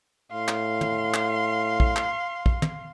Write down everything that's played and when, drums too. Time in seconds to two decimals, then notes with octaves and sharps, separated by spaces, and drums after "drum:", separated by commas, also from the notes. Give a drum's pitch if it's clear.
0.32 A2 F5 C6
0.48 drum: clap
0.81 drum: tom
1.14 drum: clap
1.80 drum: kick
1.96 drum: clap
2.46 drum: kick
2.62 drum: tom